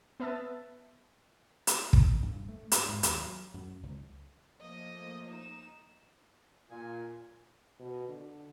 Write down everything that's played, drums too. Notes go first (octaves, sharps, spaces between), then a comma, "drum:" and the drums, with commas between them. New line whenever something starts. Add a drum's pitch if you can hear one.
B3 B4 E5 A5 E6 A6
drum: hi-hat
drum: kick
G2
A3
G2, drum: hi-hat
G#2
D#2, drum: hi-hat
F#3
F#2
C#2
F3 A3 A#3 D#5
D#4 E7
A#2 F4 G#5
B2
D3